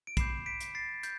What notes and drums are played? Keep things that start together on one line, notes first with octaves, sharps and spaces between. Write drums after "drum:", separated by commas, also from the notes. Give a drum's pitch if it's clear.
D7
B5 D6 G6 C7 E7, drum: kick, hi-hat
B6 D7
drum: hi-hat
A6 C7
G6, drum: hi-hat